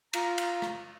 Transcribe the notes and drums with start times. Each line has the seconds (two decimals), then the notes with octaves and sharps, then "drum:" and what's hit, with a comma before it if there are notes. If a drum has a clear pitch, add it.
0.13 F4 A#5, drum: cymbal
0.38 drum: cymbal
0.62 drum: rim click